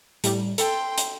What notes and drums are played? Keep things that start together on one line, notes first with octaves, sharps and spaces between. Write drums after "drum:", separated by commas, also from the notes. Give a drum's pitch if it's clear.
A2 G3, drum: hi-hat
A4 G5 C6, drum: hi-hat
drum: hi-hat